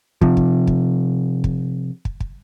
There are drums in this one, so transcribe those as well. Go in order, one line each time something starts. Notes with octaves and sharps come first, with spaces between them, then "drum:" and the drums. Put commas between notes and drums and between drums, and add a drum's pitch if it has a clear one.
C3 F3, drum: kick
drum: kick
drum: kick
drum: kick
drum: kick
drum: kick